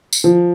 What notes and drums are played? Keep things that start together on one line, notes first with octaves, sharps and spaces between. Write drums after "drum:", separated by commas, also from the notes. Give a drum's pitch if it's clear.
drum: tambourine
F3